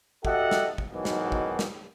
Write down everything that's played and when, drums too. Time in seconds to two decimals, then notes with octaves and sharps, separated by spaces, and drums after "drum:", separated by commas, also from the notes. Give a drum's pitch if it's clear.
0.25 F#4 G4 A4 D#5 E5 F#5, drum: kick
0.51 drum: snare
0.78 drum: kick
0.92 G#2 B2 D#3 E3 F#3
1.05 drum: snare
1.32 drum: kick
1.59 drum: snare